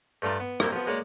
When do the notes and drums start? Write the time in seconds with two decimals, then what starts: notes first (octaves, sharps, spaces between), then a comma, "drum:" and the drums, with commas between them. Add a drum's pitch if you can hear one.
0.22 G2 A3 D4 F4 A#5
0.40 B3
0.60 C2 A#3 E4 G5 A#5, drum: rim click
0.72 F3 B3
0.87 G#3 A#3 C#5 D5